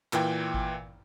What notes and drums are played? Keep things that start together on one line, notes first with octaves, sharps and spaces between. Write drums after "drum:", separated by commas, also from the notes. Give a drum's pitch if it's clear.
A#2 E3 G5, drum: clap
drum: kick G#1